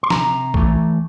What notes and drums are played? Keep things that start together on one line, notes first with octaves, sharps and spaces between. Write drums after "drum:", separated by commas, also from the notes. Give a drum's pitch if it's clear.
C6
C3 A#5, drum: snare
E3 A3, drum: kick A#1